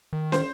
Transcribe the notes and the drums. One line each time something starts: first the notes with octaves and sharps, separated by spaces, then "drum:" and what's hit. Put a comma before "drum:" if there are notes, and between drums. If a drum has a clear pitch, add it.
D#3
C5, drum: snare